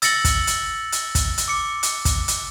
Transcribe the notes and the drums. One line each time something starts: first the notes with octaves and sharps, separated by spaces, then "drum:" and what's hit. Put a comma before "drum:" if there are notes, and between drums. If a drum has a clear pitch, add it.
E6 A6 A#6 C#7 F#7, drum: hi-hat
drum: kick, hi-hat
drum: hi-hat
drum: hi-hat
drum: kick, hi-hat
drum: hi-hat
D6 C#7
drum: hi-hat
drum: kick, hi-hat
drum: hi-hat